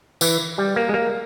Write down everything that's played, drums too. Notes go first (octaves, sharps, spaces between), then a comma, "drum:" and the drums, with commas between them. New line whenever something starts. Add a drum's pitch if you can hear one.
E3, drum: tambourine
G3
A#3
G#3
A#3